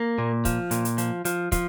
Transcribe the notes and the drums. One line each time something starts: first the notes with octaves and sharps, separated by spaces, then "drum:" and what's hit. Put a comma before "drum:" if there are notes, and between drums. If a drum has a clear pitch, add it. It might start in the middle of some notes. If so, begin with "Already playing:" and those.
Already playing: A#3
A#2
F3, drum: kick, hi-hat
A#2, drum: hi-hat
drum: hi-hat
F3, drum: hi-hat
F3, drum: hi-hat
F3, drum: kick, hi-hat